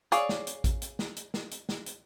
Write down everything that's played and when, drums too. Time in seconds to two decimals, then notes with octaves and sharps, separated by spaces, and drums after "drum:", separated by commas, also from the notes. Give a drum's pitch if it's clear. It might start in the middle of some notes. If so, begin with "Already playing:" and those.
0.12 G#4 C#5 D5 F5, drum: hi-hat
0.29 drum: snare
0.47 drum: hi-hat
0.64 drum: kick A1, hi-hat
0.82 drum: hi-hat
0.99 drum: snare
1.16 drum: hi-hat
1.34 drum: snare
1.51 drum: hi-hat
1.69 drum: snare
1.86 drum: hi-hat